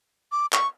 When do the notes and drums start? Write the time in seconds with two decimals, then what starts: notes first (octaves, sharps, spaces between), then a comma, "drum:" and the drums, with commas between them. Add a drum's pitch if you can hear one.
0.32 D6
0.53 C#6, drum: clap